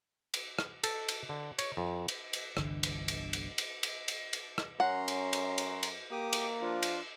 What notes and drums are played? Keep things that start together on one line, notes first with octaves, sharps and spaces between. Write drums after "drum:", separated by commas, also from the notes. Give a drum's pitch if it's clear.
drum: cymbal
drum: rim click
A4, drum: cymbal
drum: cymbal
D3
C#5, drum: cymbal
F2
drum: cymbal
drum: cymbal
G1 C2 D3 E3, drum: rim click
drum: cymbal
drum: cymbal
drum: cymbal
drum: cymbal
drum: cymbal
drum: cymbal
drum: cymbal
drum: rim click
F#2 C#4 F#5 A#5 C6
drum: cymbal
drum: cymbal
drum: cymbal
drum: cymbal
A#3 G4 D6 D#6
drum: cymbal
F3 D4 F4
drum: cymbal